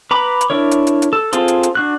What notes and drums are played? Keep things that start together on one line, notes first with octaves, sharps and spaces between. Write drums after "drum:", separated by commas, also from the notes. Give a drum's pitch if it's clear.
B4 A#5 B5 D6
drum: hi-hat
D4 E4 A#4 C#5
drum: hi-hat
drum: hi-hat
drum: hi-hat
A4
C4 F4 G#4 A4 C5, drum: hi-hat
drum: hi-hat
drum: hi-hat
D4 F#4 F#6